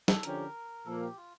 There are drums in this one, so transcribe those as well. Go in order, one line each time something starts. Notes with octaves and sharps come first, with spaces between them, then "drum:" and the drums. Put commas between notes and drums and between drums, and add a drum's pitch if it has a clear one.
A4, drum: snare
D3 F3 C#4 G4 A#4, drum: hi-hat
A#2 F3 A#3 A4
G4
F4